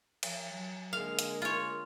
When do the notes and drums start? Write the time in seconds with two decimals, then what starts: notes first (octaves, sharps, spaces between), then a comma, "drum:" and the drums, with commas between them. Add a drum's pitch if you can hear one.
0.23 F3, drum: cymbal
0.52 F#3
0.93 D3 G#3 A#3 F5
1.19 drum: hi-hat
1.42 F4 C#5